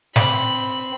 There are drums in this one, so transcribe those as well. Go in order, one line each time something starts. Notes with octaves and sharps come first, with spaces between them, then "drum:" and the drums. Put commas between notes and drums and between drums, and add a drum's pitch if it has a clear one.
C4 B5, drum: snare